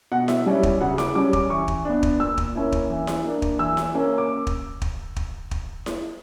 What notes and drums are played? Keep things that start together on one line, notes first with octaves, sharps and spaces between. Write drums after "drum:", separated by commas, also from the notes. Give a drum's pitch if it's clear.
B2 F#5
E5, drum: snare E4
G3 C#4 E4
drum: kick
C#3 F#5
D6, drum: snare E4
G3 C#4 D6
D6, drum: kick
E3 C#6
drum: kick
B3 D4
drum: kick
A#2 E6
drum: kick
A#3 C#4 E4
drum: kick
E3
drum: snare E4
A#3 D4
drum: kick
E3 E6
drum: snare E4
A#3 C#4
D6
drum: kick
drum: kick
drum: kick
drum: kick
drum: snare E4